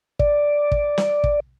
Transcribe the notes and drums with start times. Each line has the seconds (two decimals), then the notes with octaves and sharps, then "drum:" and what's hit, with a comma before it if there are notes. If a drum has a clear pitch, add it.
0.19 D5, drum: kick
0.72 drum: kick
0.98 drum: snare
1.24 drum: kick